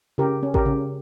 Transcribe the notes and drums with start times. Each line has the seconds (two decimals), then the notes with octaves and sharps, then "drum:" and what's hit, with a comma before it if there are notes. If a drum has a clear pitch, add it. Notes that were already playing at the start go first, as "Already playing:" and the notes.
0.18 C#3 G4 A#4
0.43 C#4
0.54 G4 A#4, drum: kick A1
0.66 C#3